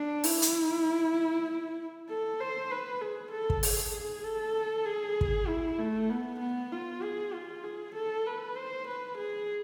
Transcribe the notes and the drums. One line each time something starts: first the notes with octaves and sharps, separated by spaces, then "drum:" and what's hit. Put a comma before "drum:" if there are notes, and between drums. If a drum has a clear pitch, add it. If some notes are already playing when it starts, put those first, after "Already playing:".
Already playing: D4
E4, drum: open hi-hat
drum: hi-hat
A4
C5
B4
G#4
A4
drum: kick
G#4, drum: open hi-hat
A4
G#4
drum: kick
E4
A3
B3
B3
F4
G#4
F4
G#4
A4
B4
C5
B4
G#4